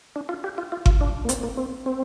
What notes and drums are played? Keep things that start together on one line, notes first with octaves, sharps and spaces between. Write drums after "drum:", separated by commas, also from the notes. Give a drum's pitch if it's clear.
D4
F4
G4
F4
F4
F4, drum: kick G1
D4
A#3
C4, drum: hi-hat
A#3
C4
C4